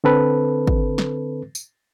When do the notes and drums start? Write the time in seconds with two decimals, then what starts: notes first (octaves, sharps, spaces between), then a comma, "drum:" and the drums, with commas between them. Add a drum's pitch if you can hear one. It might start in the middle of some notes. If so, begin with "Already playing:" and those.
0.04 D3 C4 A4 B4
0.67 drum: kick
0.98 drum: snare
1.55 drum: tambourine